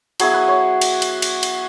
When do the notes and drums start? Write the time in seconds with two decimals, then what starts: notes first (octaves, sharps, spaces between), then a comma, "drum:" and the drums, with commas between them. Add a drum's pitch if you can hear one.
0.20 F#3 B3 E4 G#4, drum: cymbal
0.34 B4
0.48 C#5
0.82 drum: cymbal
1.02 drum: cymbal
1.22 drum: cymbal
1.43 drum: cymbal